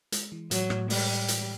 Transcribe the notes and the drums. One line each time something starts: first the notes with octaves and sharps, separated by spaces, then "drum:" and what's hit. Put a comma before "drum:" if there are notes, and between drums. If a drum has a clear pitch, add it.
G#3, drum: hi-hat
E3
A2 F#3, drum: hi-hat
A2, drum: rim click
G3 G#3, drum: open hi-hat
drum: hi-hat